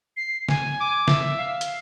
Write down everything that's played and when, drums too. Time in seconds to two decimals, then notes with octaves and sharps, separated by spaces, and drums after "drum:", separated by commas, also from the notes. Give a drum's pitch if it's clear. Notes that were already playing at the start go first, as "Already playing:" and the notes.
0.17 C7
0.49 G#5, drum: snare
0.81 D6
1.08 E5, drum: snare
1.38 F5
1.61 drum: hi-hat